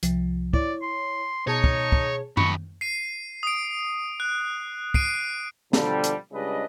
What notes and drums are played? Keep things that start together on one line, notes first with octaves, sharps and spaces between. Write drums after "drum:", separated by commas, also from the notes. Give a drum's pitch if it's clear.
C2 F3, drum: hi-hat
E4 C#5 D5, drum: kick
C6
B2 D#4 G#4 C#5 A5
drum: kick
drum: kick
F#2 B5 C#6, drum: tom F#2
C7 D#7
D#6 D7
F#6
C7 D7 D#7, drum: kick
B2 D3 F3 G3, drum: snare
drum: hi-hat
C#2 C#3 G3 D4 B4 D#5